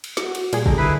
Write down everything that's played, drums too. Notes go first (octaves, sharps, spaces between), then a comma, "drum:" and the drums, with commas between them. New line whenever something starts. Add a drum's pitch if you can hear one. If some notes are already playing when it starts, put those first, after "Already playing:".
drum: cymbal
F#4, drum: snare
drum: cymbal
A#2 G3 G#4, drum: cymbal
D3 D#4, drum: kick
E4 G#4 B4 B5